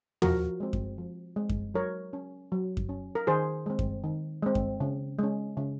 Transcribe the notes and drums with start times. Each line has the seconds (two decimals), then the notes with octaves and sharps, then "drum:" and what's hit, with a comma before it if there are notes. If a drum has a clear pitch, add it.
0.22 F3 F#4 A#4, drum: tom
0.60 G#3 C4
0.73 drum: kick F#2
0.98 F3
1.36 G#3 C4
1.49 drum: kick F#2
1.74 F#3 A#4 C#5
2.13 C#4
2.52 F#3
2.77 drum: kick F#2
2.89 C#4
3.15 A#4
3.27 D#3 G#4 C5
3.66 G#3 C4
3.79 drum: kick F#2
4.04 D#3
4.42 G#3 C4
4.55 drum: kick F#2
4.80 C#3
5.19 G#3 C#4
5.57 C#3